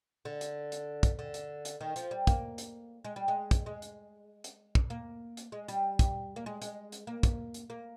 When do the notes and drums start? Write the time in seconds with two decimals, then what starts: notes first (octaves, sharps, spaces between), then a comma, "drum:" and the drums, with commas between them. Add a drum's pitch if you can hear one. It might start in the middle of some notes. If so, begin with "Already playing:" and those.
0.25 D3
0.41 drum: hi-hat
0.72 drum: hi-hat
1.03 drum: kick, hi-hat
1.19 D3
1.34 drum: hi-hat
1.65 drum: hi-hat
1.81 D#3
1.96 F3, drum: hi-hat
2.11 G3
2.27 A#3, drum: kick, hi-hat
2.58 drum: hi-hat
3.05 G#3
3.16 G3
3.28 G#3
3.51 drum: kick, hi-hat
3.66 G#3
3.82 drum: hi-hat
4.44 drum: hi-hat
4.75 drum: kick
4.90 A#3
5.37 drum: hi-hat
5.52 G#3
5.68 G3, drum: hi-hat
5.99 drum: kick, hi-hat
6.36 A#3
6.46 G#3
6.62 G#3, drum: hi-hat
6.92 drum: hi-hat
7.07 A#3
7.23 drum: kick, hi-hat
7.54 drum: hi-hat
7.70 A#3